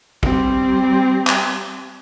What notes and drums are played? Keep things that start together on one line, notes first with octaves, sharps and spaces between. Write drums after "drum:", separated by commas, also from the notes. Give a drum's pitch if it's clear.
G3 C4, drum: kick
drum: clap